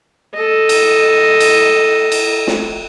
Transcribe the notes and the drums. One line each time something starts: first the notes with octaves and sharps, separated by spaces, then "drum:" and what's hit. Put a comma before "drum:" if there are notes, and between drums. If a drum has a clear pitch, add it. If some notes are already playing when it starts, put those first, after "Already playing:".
A4 D#5
drum: cymbal
drum: cymbal
drum: cymbal
drum: snare